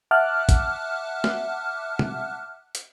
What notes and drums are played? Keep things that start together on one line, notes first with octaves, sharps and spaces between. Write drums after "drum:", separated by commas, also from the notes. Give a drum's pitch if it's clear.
E5 F#5 A5 D6 F6 F#6
drum: kick, hi-hat
drum: snare
drum: tom
drum: hi-hat